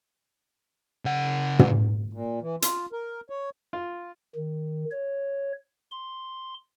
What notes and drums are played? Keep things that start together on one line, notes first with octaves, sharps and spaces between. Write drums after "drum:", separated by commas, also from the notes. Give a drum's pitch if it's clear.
C#3 F#5
drum: tom
A#2
E3
F4, drum: hi-hat
A#4
C#5
F4
D#3
C#5
C6